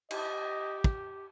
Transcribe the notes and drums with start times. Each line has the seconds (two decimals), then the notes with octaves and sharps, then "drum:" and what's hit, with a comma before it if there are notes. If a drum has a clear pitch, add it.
0.11 G4 D#5, drum: cymbal
0.84 drum: kick